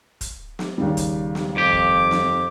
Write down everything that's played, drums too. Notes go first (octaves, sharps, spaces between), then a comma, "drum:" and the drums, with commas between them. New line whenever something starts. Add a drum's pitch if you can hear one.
drum: kick, hi-hat
drum: snare
D#2 C#3 G3
drum: kick, hi-hat
drum: snare
F2 G4 D6
drum: kick
drum: snare